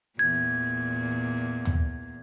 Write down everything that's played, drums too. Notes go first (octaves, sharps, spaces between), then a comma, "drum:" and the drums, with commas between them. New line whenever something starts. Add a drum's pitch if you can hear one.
E2 A#2 G#6
drum: tom